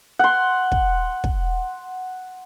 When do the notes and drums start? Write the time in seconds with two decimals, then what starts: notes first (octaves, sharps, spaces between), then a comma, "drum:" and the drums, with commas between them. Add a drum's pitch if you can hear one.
0.19 F#5 C6
0.72 drum: kick
1.24 drum: kick